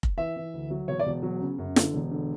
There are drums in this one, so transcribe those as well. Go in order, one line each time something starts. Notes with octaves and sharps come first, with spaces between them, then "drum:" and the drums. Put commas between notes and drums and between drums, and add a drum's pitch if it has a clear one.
drum: kick F1
E3 E5
E3
D2
F#3
E1 C#5
D5
E1
F#3
C#3
F#2
D3, drum: snare
E1
D3